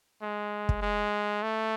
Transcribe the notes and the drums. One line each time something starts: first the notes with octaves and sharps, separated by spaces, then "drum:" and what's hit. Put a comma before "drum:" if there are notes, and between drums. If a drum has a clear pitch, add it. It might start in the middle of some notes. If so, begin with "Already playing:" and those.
G#3
drum: kick
G#3
A3